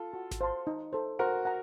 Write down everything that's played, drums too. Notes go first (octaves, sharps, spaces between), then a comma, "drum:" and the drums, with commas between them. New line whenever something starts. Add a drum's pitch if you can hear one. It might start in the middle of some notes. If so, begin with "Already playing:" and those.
Already playing: F4 A4
F#4
drum: snare G#1
C5 F5 A5 C6
D#4
A4 C5
F#4 A#4 C5
F#5 A#5